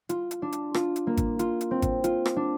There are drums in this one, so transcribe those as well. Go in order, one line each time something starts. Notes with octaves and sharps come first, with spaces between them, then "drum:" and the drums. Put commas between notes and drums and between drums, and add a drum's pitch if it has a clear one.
F4, drum: hi-hat
drum: hi-hat
D4
drum: hi-hat
F4, drum: rim click
drum: hi-hat
A#3
drum: kick G#1, hi-hat
F4, drum: hi-hat
drum: hi-hat
C4
drum: kick G#1, hi-hat
F4, drum: hi-hat
drum: rim click
D4